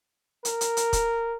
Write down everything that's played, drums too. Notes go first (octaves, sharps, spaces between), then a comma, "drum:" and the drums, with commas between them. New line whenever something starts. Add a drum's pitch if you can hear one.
A#4, drum: hi-hat
drum: hi-hat
drum: hi-hat
drum: kick, hi-hat